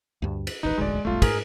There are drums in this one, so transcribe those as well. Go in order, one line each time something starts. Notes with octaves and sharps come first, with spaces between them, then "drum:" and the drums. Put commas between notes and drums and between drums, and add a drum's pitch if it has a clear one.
D2 G2
drum: cymbal
E1 A1 D#2 D#4 B4
E1 A1 D2 G#3 D5
E1 B1 G3 A3 F4
G#2 G#4 A#4, drum: kick, cymbal